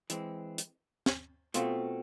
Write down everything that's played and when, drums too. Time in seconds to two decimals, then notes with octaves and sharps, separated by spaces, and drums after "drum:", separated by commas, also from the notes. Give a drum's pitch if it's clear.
0.10 E3 G#3 C4, drum: hi-hat
0.58 drum: hi-hat
1.06 drum: snare
1.54 B2 A3 C4 F4, drum: hi-hat